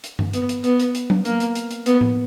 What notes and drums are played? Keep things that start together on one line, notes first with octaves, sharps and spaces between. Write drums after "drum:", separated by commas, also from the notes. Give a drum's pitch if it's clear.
drum: hi-hat
drum: tom G2
B3, drum: hi-hat
drum: hi-hat
B3, drum: hi-hat
drum: hi-hat
drum: hi-hat
drum: tom F#3
A#3, drum: hi-hat
drum: hi-hat
drum: hi-hat
drum: hi-hat
B3, drum: hi-hat
drum: tom A2